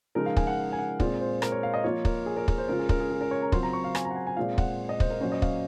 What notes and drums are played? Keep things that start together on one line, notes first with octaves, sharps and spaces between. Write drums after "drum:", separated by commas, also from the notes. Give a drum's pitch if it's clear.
C#3 F3 G#3 D#4 A#4
F5
G#5, drum: kick
F#5
G#5
F#5
A#2 G#3 C4 F4, drum: kick
C5
A#4, drum: rim click
C#5
F5
D#5
F3 A#3 F4 C#5
A#4, drum: kick
G#4
A#4
A#4, drum: kick
C5
C#3 G#3 C#4 F4 A#4
G#4
A#4, drum: kick
G#4
G#4
A#4
C#5
A#5
C#3 F#3 C4 F4 C6, drum: kick
A#5
C#6
F5
G#5, drum: rim click
A#5
F#5
G#5
G#5
A#2 G#3 C4 F4 F5
F#5, drum: kick
D#5
C5, drum: kick
A#4
A#2 F#3 A#3 C#4 C5
D#5
F5, drum: kick